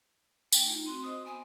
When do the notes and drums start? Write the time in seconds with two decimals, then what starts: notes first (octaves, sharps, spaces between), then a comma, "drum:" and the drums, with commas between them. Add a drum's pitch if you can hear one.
0.52 A3 D4 G5 G#5, drum: tambourine
0.67 D#4 F4
0.86 C4 F#4 C6
1.03 F#4 C5 D#5 D#6
1.26 B3 G#5 C6